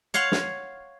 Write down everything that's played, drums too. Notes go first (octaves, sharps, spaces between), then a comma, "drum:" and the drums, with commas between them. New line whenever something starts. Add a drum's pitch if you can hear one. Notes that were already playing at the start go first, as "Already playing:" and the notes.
C#5 F5 F#5 C6
drum: snare